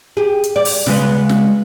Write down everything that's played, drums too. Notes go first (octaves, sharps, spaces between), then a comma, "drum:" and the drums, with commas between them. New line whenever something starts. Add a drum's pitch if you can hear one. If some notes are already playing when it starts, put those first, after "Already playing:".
G4 G#4
drum: hi-hat
D5
drum: open hi-hat
C#3 G#3 B3, drum: snare
drum: snare